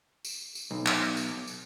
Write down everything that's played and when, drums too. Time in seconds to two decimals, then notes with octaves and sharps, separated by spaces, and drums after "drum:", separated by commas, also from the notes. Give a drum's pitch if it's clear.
0.25 drum: tambourine
0.55 drum: tambourine
0.71 B1
0.86 drum: clap
1.17 drum: tambourine
1.48 drum: tambourine